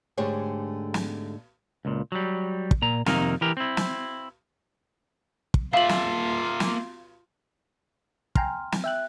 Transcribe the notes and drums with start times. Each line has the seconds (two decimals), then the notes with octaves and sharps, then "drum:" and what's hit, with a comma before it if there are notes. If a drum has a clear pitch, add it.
0.17 G#2 D3 A3 G4 G#4 C#5
0.94 drum: snare
1.85 C#2 A#2
2.12 F#3 G3
2.71 drum: kick
2.82 A#2 A#5
3.06 F2 C3 D#3 A#3 D#4 A#4, drum: snare
3.41 E3 G4 A#4
3.57 C4 E4
3.77 drum: snare
5.54 drum: kick
5.73 A#3 F4 E5 F5 F#7
5.89 drum: snare
6.60 drum: snare
8.35 G5 G#5 A#5 C6 F6, drum: kick
8.72 drum: snare
8.84 E5 G5 F#6